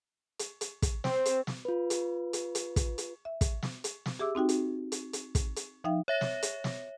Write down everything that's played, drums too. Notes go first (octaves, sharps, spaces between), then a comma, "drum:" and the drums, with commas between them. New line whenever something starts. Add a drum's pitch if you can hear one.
drum: hi-hat
drum: hi-hat
drum: kick, hi-hat
C4, drum: snare
drum: hi-hat
drum: snare
F4 B4
drum: hi-hat
drum: hi-hat
drum: hi-hat
drum: kick, hi-hat
drum: hi-hat
E5
drum: kick, hi-hat
drum: snare
drum: hi-hat
drum: snare
G4 G#4 E5 D6 E6
C4 D#4 F#4 G5
drum: hi-hat
drum: hi-hat
drum: hi-hat
drum: kick, hi-hat
drum: hi-hat
F3 D#4 E5 F5 G5
C#5 E5 A#6
drum: snare
drum: hi-hat
drum: snare